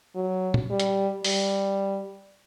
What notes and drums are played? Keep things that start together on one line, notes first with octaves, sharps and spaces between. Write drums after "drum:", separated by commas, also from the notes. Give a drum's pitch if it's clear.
F#3
drum: tom A#2
G3
drum: hi-hat
G3, drum: open hi-hat